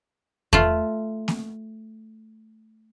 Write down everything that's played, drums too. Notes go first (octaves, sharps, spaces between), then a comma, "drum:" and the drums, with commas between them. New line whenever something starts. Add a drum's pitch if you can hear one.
A3 F4, drum: kick E2
drum: snare A#3